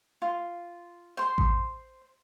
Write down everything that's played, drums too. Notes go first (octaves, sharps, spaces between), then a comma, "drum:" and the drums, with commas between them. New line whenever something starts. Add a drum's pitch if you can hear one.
F4
C5 C6
drum: kick A1